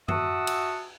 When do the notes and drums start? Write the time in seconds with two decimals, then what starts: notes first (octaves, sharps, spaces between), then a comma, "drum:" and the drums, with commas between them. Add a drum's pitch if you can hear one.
0.08 F#4 E5 F#5 A5 D#6 E6, drum: tom F#2
0.47 drum: cymbal